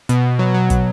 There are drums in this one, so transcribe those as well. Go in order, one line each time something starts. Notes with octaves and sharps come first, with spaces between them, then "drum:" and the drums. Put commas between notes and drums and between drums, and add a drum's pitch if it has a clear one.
B2, drum: hi-hat
F#3
F#3
drum: kick, hi-hat